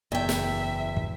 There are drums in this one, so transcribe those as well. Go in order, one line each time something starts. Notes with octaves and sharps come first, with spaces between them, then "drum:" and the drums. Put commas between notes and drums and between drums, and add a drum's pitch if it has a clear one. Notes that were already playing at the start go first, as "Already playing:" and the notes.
F#1 E2 E5 G5
drum: snare
drum: kick